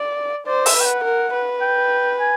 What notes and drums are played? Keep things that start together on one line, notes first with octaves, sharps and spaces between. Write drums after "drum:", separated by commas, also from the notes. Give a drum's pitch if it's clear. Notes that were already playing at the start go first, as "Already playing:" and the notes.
Already playing: D5
C5 D5
E5, drum: open hi-hat
B4 G5
F#5
A#4
B4
G5
G#5